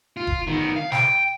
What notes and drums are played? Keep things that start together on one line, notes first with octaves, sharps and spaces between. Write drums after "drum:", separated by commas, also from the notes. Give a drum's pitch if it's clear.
F4
drum: kick
D#3 B3
F5
G5, drum: snare